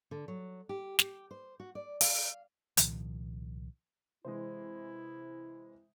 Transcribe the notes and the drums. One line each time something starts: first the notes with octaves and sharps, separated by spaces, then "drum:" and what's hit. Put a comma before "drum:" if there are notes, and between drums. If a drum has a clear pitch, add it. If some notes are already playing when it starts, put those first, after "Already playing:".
D3
F#3
G4
G4, drum: snare
C5
F#4
D5
F5, drum: open hi-hat
C2 A#2 D#3 F3, drum: hi-hat
C3 E3 G#3 E4 C5